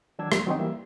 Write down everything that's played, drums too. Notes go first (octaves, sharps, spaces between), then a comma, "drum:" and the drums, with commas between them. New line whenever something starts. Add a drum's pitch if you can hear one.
D#3 F#3 D4 E6 G#6
F3 G#3 A#3, drum: rim click
D#3 F#3 C4 C#4 D#4
E3 G3 A#3 E5